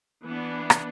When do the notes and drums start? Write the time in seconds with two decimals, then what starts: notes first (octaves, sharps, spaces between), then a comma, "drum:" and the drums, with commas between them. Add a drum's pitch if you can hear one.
0.23 E3 B3 D4
0.70 drum: rim click